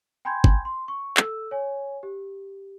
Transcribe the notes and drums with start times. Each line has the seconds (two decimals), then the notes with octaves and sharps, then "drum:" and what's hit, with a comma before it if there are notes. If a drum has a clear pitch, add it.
0.25 G5 G#5 B5 C6 G6 G#6
0.44 drum: kick
0.65 C6
0.88 C#6
1.17 A4 E6, drum: clap
1.51 C#5 G#5
2.03 G4